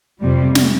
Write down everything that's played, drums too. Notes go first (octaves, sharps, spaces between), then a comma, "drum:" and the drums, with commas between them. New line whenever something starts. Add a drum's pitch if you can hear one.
F2 C3 G3
drum: snare